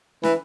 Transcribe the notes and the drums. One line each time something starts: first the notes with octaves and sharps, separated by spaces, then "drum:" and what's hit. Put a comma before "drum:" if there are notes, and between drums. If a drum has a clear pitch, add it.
E3, drum: snare